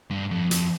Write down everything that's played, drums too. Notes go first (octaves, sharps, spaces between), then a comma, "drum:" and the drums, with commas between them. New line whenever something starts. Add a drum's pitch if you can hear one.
G2
F2
F2, drum: hi-hat